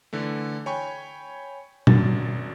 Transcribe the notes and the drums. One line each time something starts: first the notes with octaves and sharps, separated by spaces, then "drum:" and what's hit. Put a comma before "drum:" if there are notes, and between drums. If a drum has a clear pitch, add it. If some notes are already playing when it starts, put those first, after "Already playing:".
D3 E3 A3
C#5 G5 G#5 B5 C#6
G#1 F#2 F#4 A6, drum: tom B2